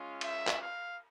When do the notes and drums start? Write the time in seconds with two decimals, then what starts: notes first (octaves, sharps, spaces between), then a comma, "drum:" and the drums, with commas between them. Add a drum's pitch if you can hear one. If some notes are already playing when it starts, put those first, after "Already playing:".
Already playing: G#3 C#4 F4
0.21 E5, drum: cymbal
0.47 drum: clap
0.60 F5